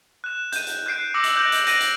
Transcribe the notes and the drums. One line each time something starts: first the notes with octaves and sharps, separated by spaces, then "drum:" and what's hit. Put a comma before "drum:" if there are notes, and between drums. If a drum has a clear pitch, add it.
F#6 E7
G6 D#7, drum: hi-hat
drum: hi-hat
F#6 G6 C7 D7
D6 E6 A#6 C#7 F#7
drum: hi-hat
F#6 G6 A#6 D7 F#7
drum: hi-hat
G6 A#6 D7 D#7 F#7, drum: hi-hat
drum: hi-hat